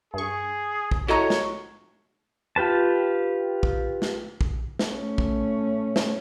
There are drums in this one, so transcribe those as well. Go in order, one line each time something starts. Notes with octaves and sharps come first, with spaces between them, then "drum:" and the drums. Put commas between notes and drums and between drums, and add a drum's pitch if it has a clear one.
G2 G#4 C#6
drum: kick A#1
E4 F#4 A4 C#5 D#5 A#5
drum: snare
F4 G4 B4 A5
drum: kick A#1
drum: snare
drum: kick A#1
drum: snare
A3 C#4
drum: kick A#1
drum: snare